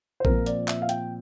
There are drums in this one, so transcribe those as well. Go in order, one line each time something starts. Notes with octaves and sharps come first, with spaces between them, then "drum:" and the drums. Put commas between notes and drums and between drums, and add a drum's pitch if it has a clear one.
C5
A#2 F3 C4 A#4, drum: kick A#1
D5, drum: hi-hat
E5, drum: clap
F5
G5, drum: hi-hat